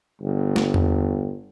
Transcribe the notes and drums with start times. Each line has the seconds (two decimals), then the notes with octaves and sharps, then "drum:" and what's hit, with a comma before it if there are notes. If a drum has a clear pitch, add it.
0.22 G1
0.56 drum: snare
0.74 drum: tom E2